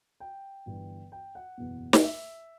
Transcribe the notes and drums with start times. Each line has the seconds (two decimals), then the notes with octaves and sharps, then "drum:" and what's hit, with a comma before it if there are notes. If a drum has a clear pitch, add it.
0.20 G5
0.66 G1 G2 E3
1.12 G5
1.35 F#5
1.58 F#1 E2 B2
1.93 drum: snare
2.04 E5